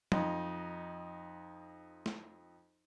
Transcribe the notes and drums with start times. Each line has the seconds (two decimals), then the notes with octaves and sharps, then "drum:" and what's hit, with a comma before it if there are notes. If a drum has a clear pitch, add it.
0.12 F2 D#4, drum: tom
2.06 drum: snare